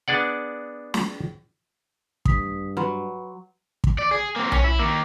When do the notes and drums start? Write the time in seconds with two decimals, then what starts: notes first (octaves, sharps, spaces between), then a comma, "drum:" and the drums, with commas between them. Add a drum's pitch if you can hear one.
0.08 B3 D4 G#4 D5 F#5
0.94 drum: snare
2.25 G2 D#6 B6, drum: kick
2.77 F#3 B4 B5 C6
3.84 drum: kick
3.99 D5
4.11 G#4
4.36 A#3 C4
4.52 C#4, drum: tom B1
4.64 E4
4.79 D#3 A#3